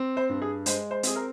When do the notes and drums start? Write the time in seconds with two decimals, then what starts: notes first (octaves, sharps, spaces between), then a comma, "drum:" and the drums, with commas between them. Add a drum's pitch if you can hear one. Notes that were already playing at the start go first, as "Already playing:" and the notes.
Already playing: C4
0.17 C5
0.29 G2
0.42 G#4
0.66 G#3 C5, drum: hi-hat
0.91 C5
1.03 C4 G#4, drum: hi-hat
1.16 A#4